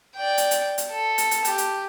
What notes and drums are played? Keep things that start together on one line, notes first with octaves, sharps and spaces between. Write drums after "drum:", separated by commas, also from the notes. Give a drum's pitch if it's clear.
D5 G5
drum: hi-hat
drum: hi-hat
drum: hi-hat
A4
drum: hi-hat
drum: hi-hat
G4, drum: hi-hat
drum: hi-hat